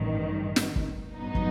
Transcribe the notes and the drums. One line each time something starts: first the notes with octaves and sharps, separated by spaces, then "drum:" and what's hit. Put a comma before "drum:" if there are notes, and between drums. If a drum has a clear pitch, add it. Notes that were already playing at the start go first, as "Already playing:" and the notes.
Already playing: A1 G2 D#3
drum: snare
drum: kick
A1 G2 F#3 B3 D#4
drum: kick